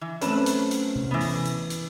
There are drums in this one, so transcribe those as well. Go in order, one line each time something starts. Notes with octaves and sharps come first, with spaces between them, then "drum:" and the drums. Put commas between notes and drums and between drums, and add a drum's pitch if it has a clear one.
E3
F#2 A3 C4 C#4 B4 A5, drum: hi-hat
drum: hi-hat
drum: hi-hat
drum: tom C3
E3 B3
drum: open hi-hat
drum: hi-hat
drum: hi-hat